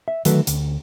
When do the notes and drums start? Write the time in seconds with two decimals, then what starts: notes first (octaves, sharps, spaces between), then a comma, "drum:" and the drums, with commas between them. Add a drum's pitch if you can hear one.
0.08 E5
0.25 D3 D#3 F#3 A3 F#4 B4, drum: hi-hat
0.47 D2, drum: hi-hat